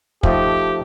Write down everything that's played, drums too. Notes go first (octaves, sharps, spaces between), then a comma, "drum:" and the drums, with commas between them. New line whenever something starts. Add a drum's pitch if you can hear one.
F3 A3 D#4 G4, drum: kick